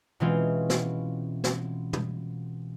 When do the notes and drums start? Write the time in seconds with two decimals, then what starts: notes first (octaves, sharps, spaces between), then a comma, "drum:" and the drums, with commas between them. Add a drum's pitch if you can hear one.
0.20 B2 E3 G#3 C4 C#4 F4
0.70 drum: snare
1.44 drum: snare
1.93 drum: tom